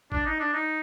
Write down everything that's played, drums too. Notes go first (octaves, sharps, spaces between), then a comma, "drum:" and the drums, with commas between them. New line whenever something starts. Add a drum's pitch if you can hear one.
D4, drum: kick G#1
D#4
D4
D#4